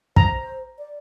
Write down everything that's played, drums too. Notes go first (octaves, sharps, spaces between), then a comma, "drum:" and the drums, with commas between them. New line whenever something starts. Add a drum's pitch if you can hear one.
C5 A#5, drum: kick
D5